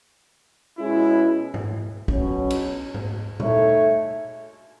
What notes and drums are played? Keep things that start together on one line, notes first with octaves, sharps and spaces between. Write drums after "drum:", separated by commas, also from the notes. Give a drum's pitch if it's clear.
B2 G#3 C#4 E4
drum: tom G#2
B2 F#3 C#4, drum: kick
drum: cymbal
drum: tom G#2
A3 D#4 A4 C#5 E5, drum: tom A#2